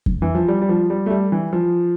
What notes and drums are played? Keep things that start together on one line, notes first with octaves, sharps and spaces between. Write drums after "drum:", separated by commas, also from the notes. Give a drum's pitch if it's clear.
drum: kick F2
E3
F3
G3
G3
F3
G3
A3
G3
E3
F3